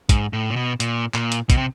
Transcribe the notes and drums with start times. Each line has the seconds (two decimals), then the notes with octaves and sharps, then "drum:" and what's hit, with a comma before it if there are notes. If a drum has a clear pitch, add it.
0.09 G#2, drum: kick, hi-hat
0.33 A2
0.51 A#2
0.56 B2
0.80 A#2, drum: hi-hat
1.14 A#2, drum: clap
1.32 drum: hi-hat
1.50 B2, drum: kick, hi-hat
1.57 C3